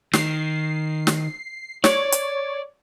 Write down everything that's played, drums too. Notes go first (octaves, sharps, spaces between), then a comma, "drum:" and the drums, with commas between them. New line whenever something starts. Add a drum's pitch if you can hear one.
D#3 C7, drum: snare
drum: snare
C#5 D5, drum: snare
drum: hi-hat